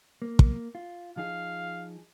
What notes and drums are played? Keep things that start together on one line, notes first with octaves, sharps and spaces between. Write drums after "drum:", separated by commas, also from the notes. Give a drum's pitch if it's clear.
A#3
drum: kick
F4
F3 D#4 G#4 F5